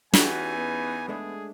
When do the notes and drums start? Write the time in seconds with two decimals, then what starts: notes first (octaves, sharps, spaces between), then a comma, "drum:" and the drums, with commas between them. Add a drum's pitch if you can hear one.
0.14 E2 E3 C#4 D#4 F#4 G4 G#5, drum: snare
0.56 B3
1.09 G#3 A3 D4 G#4